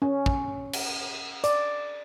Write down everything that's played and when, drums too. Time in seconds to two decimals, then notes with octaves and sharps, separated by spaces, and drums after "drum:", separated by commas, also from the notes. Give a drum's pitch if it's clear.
0.02 C#4
0.26 drum: kick
0.73 drum: cymbal
1.44 D5, drum: hi-hat